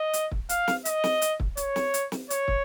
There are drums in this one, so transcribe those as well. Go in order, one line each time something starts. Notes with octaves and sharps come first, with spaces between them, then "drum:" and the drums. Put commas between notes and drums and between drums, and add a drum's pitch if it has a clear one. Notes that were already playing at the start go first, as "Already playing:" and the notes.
Already playing: D#5
drum: hi-hat
drum: kick
F5, drum: hi-hat
drum: snare
D#5, drum: hi-hat
drum: snare
drum: hi-hat
drum: kick
C#5, drum: hi-hat
drum: snare
drum: hi-hat
drum: snare
C#5, drum: hi-hat
drum: kick